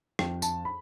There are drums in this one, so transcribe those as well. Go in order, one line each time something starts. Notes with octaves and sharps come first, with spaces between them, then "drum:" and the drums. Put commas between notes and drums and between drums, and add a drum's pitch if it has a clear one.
F2 G5, drum: rim click
A5, drum: tambourine
B5